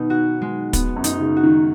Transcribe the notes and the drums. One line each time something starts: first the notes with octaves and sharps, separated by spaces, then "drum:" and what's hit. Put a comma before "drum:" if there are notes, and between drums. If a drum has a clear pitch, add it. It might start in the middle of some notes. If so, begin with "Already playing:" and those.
Already playing: B2 D#3 B3 D#4
F#4
G#3
B3, drum: kick, hi-hat
F#2
D#4, drum: hi-hat
C#3
F#4
D#3